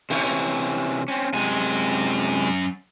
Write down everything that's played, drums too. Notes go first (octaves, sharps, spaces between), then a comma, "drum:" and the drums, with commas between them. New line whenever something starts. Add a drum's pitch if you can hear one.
C3 E3 C#4, drum: open hi-hat
C4 C#4
F#2 C3 G#3 G#5